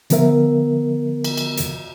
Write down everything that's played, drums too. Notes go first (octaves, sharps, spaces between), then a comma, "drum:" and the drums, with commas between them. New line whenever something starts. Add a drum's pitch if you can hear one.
D3 F3 B3 A#4 E5, drum: hi-hat
drum: cymbal
drum: cymbal
drum: hi-hat